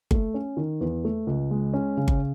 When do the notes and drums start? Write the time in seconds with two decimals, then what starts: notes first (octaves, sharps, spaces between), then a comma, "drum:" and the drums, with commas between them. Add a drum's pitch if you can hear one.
0.11 A3, drum: kick G1
0.34 C#4
0.57 D#3
0.81 E2
1.04 A3
1.27 C#2
1.51 G#3
1.73 C#4
1.97 C#3
2.08 drum: kick G1